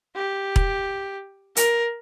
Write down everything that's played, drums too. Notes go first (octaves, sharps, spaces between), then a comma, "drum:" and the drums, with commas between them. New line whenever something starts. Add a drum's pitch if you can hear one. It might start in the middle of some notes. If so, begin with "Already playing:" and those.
G4
drum: kick E1
A#4, drum: hi-hat